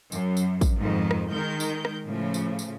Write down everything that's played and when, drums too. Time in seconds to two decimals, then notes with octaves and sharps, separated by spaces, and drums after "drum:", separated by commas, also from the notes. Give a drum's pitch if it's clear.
0.12 F#2, drum: tambourine
0.37 drum: tambourine
0.61 drum: kick, tambourine
0.79 F2 G#2 D#3
1.11 drum: rim click
1.31 D#3 G#3 A#4 G6
1.60 drum: tambourine
1.85 drum: rim click
2.04 A2 C#3 F3
2.34 drum: tambourine
2.59 drum: tambourine